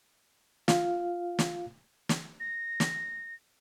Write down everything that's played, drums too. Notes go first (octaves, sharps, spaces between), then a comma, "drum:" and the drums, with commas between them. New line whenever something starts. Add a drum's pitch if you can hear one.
F4 F5, drum: snare
drum: snare
drum: snare
A#6
drum: snare